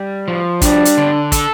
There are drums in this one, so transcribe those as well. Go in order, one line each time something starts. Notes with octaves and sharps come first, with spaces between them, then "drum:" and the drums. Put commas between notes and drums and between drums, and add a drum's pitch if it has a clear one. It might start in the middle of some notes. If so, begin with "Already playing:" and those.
Already playing: G3
F3
G3 D4, drum: kick, hi-hat
drum: hi-hat
D3
A4, drum: kick, hi-hat